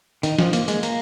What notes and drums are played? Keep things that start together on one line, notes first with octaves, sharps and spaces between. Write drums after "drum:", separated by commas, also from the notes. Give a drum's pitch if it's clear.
D#3, drum: hi-hat
F3, drum: snare
A#3, drum: hi-hat
G#3, drum: hi-hat
A#3, drum: hi-hat